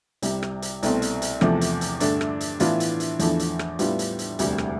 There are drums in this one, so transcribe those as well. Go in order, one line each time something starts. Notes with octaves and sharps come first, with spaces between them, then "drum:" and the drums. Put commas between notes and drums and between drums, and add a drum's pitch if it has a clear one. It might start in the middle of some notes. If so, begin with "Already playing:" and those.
C2 C3 G3, drum: hi-hat
drum: rim click
drum: hi-hat
C2 B2 A3 C4, drum: hi-hat
drum: hi-hat
drum: hi-hat
E2 C3 F3 A3, drum: rim click
drum: hi-hat
drum: hi-hat
G2 D3 A3 D4, drum: hi-hat
drum: rim click
drum: hi-hat
A2 E3 B3 D4 F4, drum: hi-hat
drum: hi-hat
drum: hi-hat
E2 D3 F3 A3 E4, drum: hi-hat
drum: hi-hat
drum: rim click
A2 G3 B3 D4 F4, drum: hi-hat
drum: hi-hat
drum: hi-hat
E1 D2 C3 G3, drum: hi-hat
drum: rim click